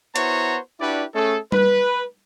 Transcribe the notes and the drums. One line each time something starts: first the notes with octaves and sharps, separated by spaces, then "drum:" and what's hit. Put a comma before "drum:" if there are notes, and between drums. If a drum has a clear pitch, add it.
B3 E4 F#4 C5 C#5 A#5, drum: hi-hat
D4 E4 F#4 G4 B4 D5
A3 C#4 G#4 A4
B4, drum: tom G3